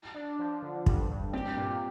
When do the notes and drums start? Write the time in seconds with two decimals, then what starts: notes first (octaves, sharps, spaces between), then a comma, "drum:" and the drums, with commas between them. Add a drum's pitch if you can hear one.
0.14 D4
0.39 F3
0.62 D3
0.86 G2, drum: kick
1.10 G2
1.33 C4 G4
1.57 A#2